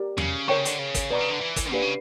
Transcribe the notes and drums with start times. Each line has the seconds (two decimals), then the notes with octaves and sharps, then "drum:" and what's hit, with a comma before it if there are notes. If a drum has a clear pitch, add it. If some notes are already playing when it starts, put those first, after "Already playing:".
Already playing: G4 A#4 D5
0.18 C#3, drum: tom E2
0.48 D3 A#4 C#5 G5 C#6
0.57 C#3
0.65 D3, drum: hi-hat
0.79 C#3
0.94 drum: kick, hi-hat
1.10 B2 B4 D5 A#5 C#6
1.20 C#3
1.30 D3
1.41 E3
1.56 drum: kick, hi-hat
1.72 A#2 D4 G4 B4 D5
1.82 C#3